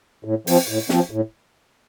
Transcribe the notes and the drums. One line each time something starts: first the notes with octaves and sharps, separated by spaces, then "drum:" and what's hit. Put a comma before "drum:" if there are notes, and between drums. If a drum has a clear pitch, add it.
A2
F3 C4, drum: open hi-hat
A2
F3 C4, drum: snare
A2